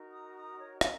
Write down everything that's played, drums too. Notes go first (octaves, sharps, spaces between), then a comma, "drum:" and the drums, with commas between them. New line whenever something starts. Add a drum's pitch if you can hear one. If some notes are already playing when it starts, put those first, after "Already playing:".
Already playing: D#4 F#4 A#4
A#5 D#6
A#5 D#6
C#5
C#4 F#4 A#4 D#5, drum: rim click